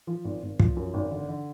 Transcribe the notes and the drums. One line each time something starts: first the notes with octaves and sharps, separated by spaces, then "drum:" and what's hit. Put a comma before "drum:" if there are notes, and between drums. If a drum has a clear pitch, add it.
F3
G#1
G#1
F3, drum: kick
F#2
G#1
D3
D3